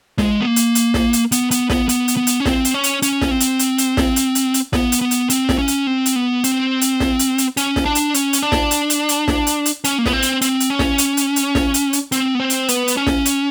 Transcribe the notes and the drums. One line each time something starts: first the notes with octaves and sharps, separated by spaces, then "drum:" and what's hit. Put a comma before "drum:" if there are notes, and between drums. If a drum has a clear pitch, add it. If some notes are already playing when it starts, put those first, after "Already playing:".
G#3, drum: snare
B3
A#3
drum: hi-hat
drum: hi-hat
drum: snare
drum: hi-hat
B3, drum: hi-hat
B3, drum: hi-hat
B3, drum: snare
B3, drum: hi-hat
drum: hi-hat
B3
drum: hi-hat
C#4
C4, drum: snare
drum: hi-hat
C#4
drum: hi-hat
C#4, drum: hi-hat
drum: snare
C4
drum: hi-hat
drum: hi-hat
drum: hi-hat
drum: snare
drum: hi-hat
drum: hi-hat
drum: hi-hat
B3, drum: snare
drum: hi-hat
B3
drum: hi-hat
C4, drum: hi-hat
drum: snare
C#4
drum: hi-hat
C4
drum: hi-hat
B3
C4, drum: hi-hat
drum: hi-hat
drum: snare
drum: hi-hat
drum: hi-hat
C#4, drum: hi-hat
drum: snare
D4
drum: hi-hat
C#4, drum: hi-hat
drum: hi-hat
D4
drum: snare
drum: hi-hat
drum: hi-hat
drum: hi-hat
drum: snare
drum: hi-hat
drum: hi-hat
C#4, drum: hi-hat
A#3
B3, drum: snare
C4
drum: hi-hat
C4, drum: hi-hat
drum: hi-hat
C#4
drum: snare
drum: hi-hat
drum: hi-hat
drum: hi-hat
drum: snare
drum: hi-hat
drum: hi-hat
C4, drum: hi-hat
B3
C4
drum: hi-hat
B3, drum: hi-hat
drum: hi-hat
C#4
drum: snare
drum: hi-hat